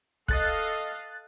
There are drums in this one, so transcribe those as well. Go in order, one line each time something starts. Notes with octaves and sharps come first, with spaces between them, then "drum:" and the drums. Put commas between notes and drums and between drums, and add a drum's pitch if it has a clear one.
A4 D#5 F5 F#6 A6, drum: kick